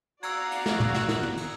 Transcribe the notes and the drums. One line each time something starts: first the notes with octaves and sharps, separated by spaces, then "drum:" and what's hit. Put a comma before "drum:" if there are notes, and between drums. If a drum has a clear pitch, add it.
F#4 D5 F5 A#5 E6 G#6, drum: cymbal
drum: cymbal
drum: snare
drum: tom
drum: snare
drum: snare
drum: tom
drum: cymbal